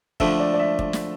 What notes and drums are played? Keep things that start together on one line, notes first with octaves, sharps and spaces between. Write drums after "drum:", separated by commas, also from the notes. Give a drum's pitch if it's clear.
D3 F3 A3 E5, drum: kick
D5
D5
E5
D5, drum: kick
drum: snare